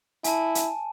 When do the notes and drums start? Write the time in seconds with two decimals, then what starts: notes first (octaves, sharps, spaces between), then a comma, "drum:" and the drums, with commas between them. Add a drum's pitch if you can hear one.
0.24 E4 G#5 A5, drum: hi-hat
0.55 drum: hi-hat